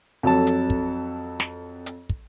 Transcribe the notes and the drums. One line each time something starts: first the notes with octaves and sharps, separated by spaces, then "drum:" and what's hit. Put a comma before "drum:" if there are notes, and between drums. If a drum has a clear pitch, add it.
F2 F#3 A4 A5
drum: hi-hat
drum: kick
drum: snare
drum: hi-hat
drum: kick